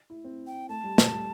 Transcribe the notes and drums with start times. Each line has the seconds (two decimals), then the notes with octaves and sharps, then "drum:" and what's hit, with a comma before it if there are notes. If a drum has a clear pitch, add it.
0.10 E4
0.24 C4
0.47 G5
0.69 A3 A5
0.84 G3
0.98 A3, drum: snare
1.13 G3